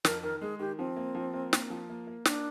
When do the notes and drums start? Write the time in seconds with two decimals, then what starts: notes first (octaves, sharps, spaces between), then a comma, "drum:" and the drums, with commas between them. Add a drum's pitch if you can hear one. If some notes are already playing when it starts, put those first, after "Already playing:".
0.05 F2 A#4, drum: snare
0.23 D#3 A#4
0.41 G#3 G#4
0.59 D#3 G4
0.78 F3 C4
0.96 A#3
1.15 F3
1.34 A#3
1.53 A#3, drum: snare
1.70 F3
1.90 A#3
2.07 A#3
2.25 A#3 D4, drum: snare